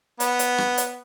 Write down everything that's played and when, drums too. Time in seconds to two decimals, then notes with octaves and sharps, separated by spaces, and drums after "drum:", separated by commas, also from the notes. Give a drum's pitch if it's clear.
0.20 B3, drum: hi-hat
0.39 drum: hi-hat
0.58 drum: rim click
0.78 drum: hi-hat